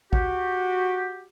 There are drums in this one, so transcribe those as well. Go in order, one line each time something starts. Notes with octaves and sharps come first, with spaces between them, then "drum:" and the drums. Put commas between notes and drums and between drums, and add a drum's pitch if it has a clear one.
F#4 G4, drum: kick